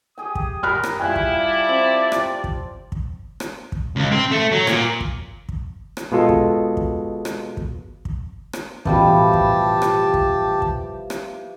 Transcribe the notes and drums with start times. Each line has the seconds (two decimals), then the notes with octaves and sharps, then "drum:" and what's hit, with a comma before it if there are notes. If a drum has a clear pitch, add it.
0.18 G4 G#4 G5 D#6
0.35 drum: kick
0.63 A#4 B5 F6 F#6
0.83 drum: rim click
1.00 G3 E4 F4 G#4 G5 G#5 F#6
1.16 drum: kick
1.34 D5 A5
1.69 C4
2.12 drum: rim click
2.44 drum: kick
2.92 drum: kick
3.40 drum: rim click
3.72 drum: kick
3.96 C#2
4.12 C4
4.31 A3
4.52 F#3
4.67 A#2, drum: rim click
5.00 drum: kick
5.49 drum: kick
5.97 drum: rim click
6.12 B2 G#3 F4 A4
6.29 drum: kick
6.77 drum: kick
7.25 drum: rim click
7.57 drum: kick
8.05 drum: kick
8.53 drum: rim click
8.85 A1 B2 E3 F3 G3 G4 A5, drum: kick
9.33 drum: kick
9.82 drum: rim click
10.14 drum: kick
10.62 drum: kick
11.10 drum: rim click